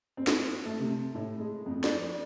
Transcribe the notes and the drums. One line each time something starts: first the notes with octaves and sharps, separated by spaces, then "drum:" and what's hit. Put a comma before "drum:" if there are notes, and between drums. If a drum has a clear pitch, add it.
C4
drum: snare
A3
C3
A2
G#3
F2
D5, drum: snare